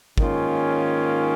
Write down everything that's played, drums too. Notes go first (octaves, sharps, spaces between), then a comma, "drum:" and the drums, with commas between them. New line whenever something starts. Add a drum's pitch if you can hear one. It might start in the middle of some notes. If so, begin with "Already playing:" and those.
G#2 D#3 A#3 C#4 F4, drum: kick